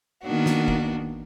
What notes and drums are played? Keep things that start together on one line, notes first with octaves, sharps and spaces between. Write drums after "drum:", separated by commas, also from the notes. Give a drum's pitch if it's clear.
D#3 A#3 B3 D4 F#4
drum: snare
drum: kick